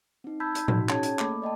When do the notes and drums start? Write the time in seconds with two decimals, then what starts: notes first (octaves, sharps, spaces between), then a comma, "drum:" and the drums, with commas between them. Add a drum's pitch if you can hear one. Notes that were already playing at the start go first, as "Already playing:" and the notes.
0.24 C4 D#4
0.40 A5 B5 E6 G6 G#6 B6
0.55 drum: hi-hat
0.68 D#4 F#4, drum: tom A2
0.89 C#4 G#4 C#5 A5 G#6, drum: clap
1.03 drum: hi-hat
1.19 A3 A#3 A4 B5 D6, drum: clap
1.42 D5 D#5 G5 A5